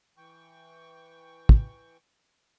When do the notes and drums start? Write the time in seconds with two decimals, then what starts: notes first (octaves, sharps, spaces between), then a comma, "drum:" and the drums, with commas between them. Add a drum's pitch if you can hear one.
0.17 E3 G5 C#6
1.49 drum: kick